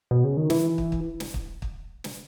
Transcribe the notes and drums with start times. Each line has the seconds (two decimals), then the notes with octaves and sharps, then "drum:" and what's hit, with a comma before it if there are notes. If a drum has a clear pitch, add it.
0.11 B2
0.24 C#3
0.37 D#3
0.50 E3, drum: snare
0.78 drum: kick
0.92 drum: kick
1.20 drum: snare
1.34 drum: kick
1.62 drum: kick
2.04 drum: snare